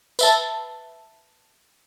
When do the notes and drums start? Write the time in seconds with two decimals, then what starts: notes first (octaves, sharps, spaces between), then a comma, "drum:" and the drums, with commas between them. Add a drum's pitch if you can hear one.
0.19 B4 E5 A5, drum: tambourine